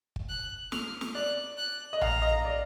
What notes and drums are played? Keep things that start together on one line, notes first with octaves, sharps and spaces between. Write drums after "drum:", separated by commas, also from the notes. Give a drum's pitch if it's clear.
drum: kick
F#6
F6, drum: snare
drum: snare
D5 F#6
F#6
D#5
F5 A#5, drum: tom A#1
D#5
D5